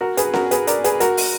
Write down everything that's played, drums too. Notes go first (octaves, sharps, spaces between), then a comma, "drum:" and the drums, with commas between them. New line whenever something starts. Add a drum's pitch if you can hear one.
F#4 A#4
G#4 B4, drum: hi-hat
F#4 A#4, drum: snare C#4
G#4 B4, drum: hi-hat
A#4 D5, drum: hi-hat
G#4 B4, drum: hi-hat
F#4 A#4, drum: hi-hat
drum: open hi-hat